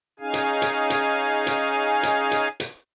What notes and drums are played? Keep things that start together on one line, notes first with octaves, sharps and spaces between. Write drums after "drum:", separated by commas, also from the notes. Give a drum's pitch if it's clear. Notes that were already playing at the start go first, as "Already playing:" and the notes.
C#4 D#4 G#4 F5 G#5
drum: hi-hat
drum: hi-hat
drum: hi-hat
drum: hi-hat
drum: hi-hat
drum: hi-hat
drum: hi-hat